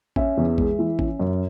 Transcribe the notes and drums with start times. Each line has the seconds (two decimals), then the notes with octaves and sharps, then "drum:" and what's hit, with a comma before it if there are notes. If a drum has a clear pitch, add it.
0.16 C#4 E5, drum: kick A1
0.37 E2
0.58 G#3, drum: kick A1
0.79 E3
0.99 C#4, drum: kick A1
1.19 F#2